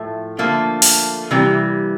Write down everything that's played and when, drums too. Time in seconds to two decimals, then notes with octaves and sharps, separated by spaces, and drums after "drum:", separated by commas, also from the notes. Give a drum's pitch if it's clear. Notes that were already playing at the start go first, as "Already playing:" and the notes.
Already playing: A2 F3 A3
0.38 D3 F3 A3 A#3
0.82 drum: open hi-hat
1.31 C3 E3 G3